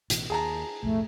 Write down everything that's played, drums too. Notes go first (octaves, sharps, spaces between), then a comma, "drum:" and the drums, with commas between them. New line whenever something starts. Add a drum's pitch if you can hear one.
A1 B2 E3, drum: hi-hat
D#2 G#4 A5 A#5
B1 F2 A2 A3